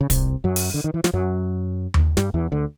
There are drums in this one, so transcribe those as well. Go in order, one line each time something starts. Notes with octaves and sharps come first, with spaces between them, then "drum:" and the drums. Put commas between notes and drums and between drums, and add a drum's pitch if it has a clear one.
C#3
C2 C3, drum: kick, hi-hat
F#2 F#3
drum: open hi-hat
D3
D#3
E3
F3, drum: snare
F#2 F#3
drum: tom D#2
G2 G3, drum: snare
E2 E3
D2 D3